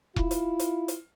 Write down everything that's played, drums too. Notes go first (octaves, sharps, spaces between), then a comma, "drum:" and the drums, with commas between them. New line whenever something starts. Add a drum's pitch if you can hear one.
E4 F4, drum: kick E1
drum: hi-hat
drum: hi-hat
drum: hi-hat